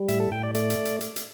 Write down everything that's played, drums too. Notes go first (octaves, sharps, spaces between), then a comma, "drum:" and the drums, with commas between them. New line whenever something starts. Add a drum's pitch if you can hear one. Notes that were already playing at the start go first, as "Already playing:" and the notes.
Already playing: G3
A2 E5, drum: hi-hat
A4
A2 G5
D5
A3 D5, drum: hi-hat
drum: hi-hat
drum: hi-hat
drum: hi-hat
drum: hi-hat